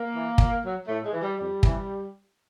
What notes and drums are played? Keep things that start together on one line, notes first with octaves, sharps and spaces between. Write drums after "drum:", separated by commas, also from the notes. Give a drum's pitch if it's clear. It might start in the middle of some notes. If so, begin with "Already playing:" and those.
Already playing: A#3
E3
A#2, drum: kick
F#3
A2 A3
G#3
E3
G3
F2 G3
C3 E3, drum: kick